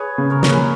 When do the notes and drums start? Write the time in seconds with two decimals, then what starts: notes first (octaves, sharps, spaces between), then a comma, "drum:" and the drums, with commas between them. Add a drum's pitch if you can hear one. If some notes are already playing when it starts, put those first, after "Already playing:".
Already playing: G#4 B4 C#5
0.18 C#3
0.30 A#4 C#5
0.43 A#3, drum: snare
0.49 G#4 B4